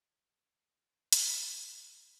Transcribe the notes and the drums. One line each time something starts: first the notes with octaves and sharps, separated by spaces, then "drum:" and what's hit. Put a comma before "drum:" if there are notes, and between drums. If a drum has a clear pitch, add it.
G#4, drum: hi-hat